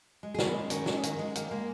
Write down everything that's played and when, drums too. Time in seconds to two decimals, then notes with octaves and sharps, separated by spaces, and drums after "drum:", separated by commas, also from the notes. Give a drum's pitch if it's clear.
0.23 G#3
0.34 G#4
0.39 D#3, drum: snare
0.46 B3
0.55 G#3 C#4
0.70 D#3 C#4, drum: hi-hat
0.86 G#3, drum: snare
1.03 D#3, drum: hi-hat
1.19 G#3
1.35 D#3 A#3, drum: hi-hat
1.51 G#3 A#3